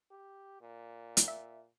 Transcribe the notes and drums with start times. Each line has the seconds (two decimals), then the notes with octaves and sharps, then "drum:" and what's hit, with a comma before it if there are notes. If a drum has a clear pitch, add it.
0.11 G4
0.61 A#2
1.17 drum: hi-hat
1.28 E5